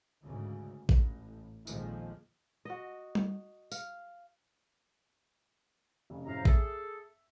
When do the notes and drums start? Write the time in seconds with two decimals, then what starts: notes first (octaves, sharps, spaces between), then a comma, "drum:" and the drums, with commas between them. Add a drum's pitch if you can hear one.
0.22 D2 G#2 C#3
0.89 A1, drum: kick A1
1.67 A#1 F2 A#2 D#3 F3 G#3, drum: tambourine
2.65 F#4 D#5
3.15 drum: tom G3
3.71 F5, drum: tambourine
6.10 F1 C#3
6.26 F1 F#2 A2 C5 F5 A#5
6.45 G#4 A4 E5, drum: kick A1